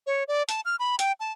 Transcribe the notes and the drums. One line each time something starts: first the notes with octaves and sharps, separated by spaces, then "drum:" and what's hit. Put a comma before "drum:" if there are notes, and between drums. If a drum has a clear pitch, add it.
C#5
D5
A5, drum: hi-hat
F6
B5
G5, drum: hi-hat
A5